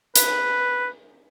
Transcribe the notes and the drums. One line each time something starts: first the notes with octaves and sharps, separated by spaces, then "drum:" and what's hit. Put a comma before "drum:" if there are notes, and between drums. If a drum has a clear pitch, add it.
B4, drum: hi-hat